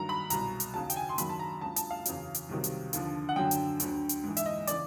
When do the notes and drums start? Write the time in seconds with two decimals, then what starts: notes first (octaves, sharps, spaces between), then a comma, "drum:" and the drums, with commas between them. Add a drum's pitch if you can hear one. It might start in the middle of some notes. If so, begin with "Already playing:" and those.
Already playing: G2 D#3 F#3 A#5
0.09 B5
0.30 C2 B2 F#3 A#5, drum: hi-hat
0.60 drum: hi-hat
0.74 D#2 C#3 F#3 A5
0.90 G5, drum: hi-hat
0.96 G#5
1.09 C6
1.18 F#2 D#3 F#3 B5, drum: hi-hat
1.29 A5
1.39 A#5
1.61 C#2 C#3 F#3 A5
1.76 A5, drum: hi-hat
1.91 F5
2.05 E2 C#3 F#3, drum: hi-hat
2.35 drum: hi-hat
2.49 C2 C3 D#3 F#3
2.64 drum: hi-hat
2.93 D#2 D3 F3, drum: hi-hat
3.29 F#5
3.36 F#2 D3 F#3 G5
3.51 drum: hi-hat
3.80 D2 D3 F#3, drum: hi-hat
4.09 drum: hi-hat
4.24 G#2 E3
4.37 E5, drum: hi-hat
4.46 D#5
4.67 C#3 E3 D5, drum: hi-hat